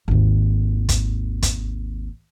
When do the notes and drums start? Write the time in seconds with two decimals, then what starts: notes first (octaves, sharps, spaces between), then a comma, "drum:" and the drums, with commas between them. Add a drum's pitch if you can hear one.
0.08 G#1 D#2
0.89 drum: kick, hi-hat
1.43 drum: kick, hi-hat